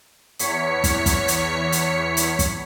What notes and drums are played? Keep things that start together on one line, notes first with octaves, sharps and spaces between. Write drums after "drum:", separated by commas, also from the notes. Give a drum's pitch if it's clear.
E2 C#5 B6 C#7, drum: hi-hat
drum: kick, hi-hat
drum: kick, hi-hat
drum: hi-hat
drum: hi-hat
drum: hi-hat
drum: kick, hi-hat